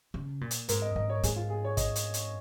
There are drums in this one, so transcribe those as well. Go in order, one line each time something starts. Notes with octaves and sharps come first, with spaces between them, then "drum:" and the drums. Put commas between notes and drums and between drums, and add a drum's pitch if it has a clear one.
C#3
A#2
drum: hi-hat
G#2 A#4, drum: hi-hat
D#5
G#2 D#5
C#5
G#2 G#4, drum: hi-hat
F4
G#4
C#5
D#5, drum: kick, hi-hat
drum: hi-hat
drum: hi-hat